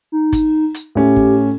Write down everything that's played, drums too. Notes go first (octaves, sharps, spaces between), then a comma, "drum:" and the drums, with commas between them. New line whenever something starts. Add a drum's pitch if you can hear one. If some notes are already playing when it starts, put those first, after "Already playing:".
D#4
drum: kick G#1, hi-hat
drum: hi-hat
A2 C#4 G4
drum: kick G#1